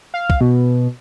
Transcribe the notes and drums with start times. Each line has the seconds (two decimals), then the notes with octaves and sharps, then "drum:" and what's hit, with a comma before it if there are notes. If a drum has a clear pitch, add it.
0.14 F5
0.30 drum: kick
0.41 B2